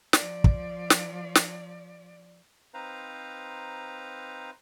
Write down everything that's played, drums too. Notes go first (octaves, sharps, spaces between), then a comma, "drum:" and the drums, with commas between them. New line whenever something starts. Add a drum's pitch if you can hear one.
F3 D5, drum: snare
drum: kick
drum: snare
drum: snare
C4 D#4 B4 C5 F5 A#5